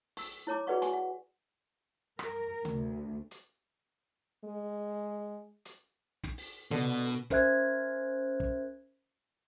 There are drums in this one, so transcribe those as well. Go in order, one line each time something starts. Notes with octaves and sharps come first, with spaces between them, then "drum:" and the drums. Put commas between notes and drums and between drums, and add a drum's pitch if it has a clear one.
C#6 E6, drum: open hi-hat
E4 C#5 A#5 D6
F#4 G#4 B4 D5 F#5 C#6
F#4 G#5 C#6, drum: hi-hat
F#5
A#4, drum: rim click
D2, drum: tom C3
drum: hi-hat
G#3
drum: hi-hat
drum: snare
drum: open hi-hat
B2 D3, drum: tom C3
C#4 A#4 C5 E5 F#6 G#6, drum: snare
drum: kick